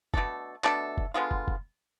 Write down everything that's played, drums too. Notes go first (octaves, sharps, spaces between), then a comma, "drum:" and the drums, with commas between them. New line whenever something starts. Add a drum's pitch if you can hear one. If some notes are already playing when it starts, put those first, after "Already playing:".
B2 A3 D4 A4, drum: kick
B2 A3 D4 A4, drum: clap
drum: kick
D3 G#3 B3 F4
drum: kick
drum: kick